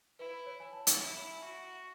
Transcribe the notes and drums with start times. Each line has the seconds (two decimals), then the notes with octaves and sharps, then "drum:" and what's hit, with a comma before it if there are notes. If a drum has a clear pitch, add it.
0.19 E4 B4
0.46 C#5
0.60 G#5
0.73 A5
0.87 G#5, drum: hi-hat
1.00 E4
1.42 F#4 E5